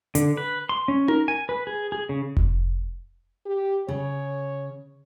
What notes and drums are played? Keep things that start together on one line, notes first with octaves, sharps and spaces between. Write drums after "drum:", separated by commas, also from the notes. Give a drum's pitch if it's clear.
D3, drum: hi-hat
B4
C6
C#4
A#4, drum: tom D#4
G#5
B4
G#4
G#4
C#3
drum: kick F1
G4
C#3 C#5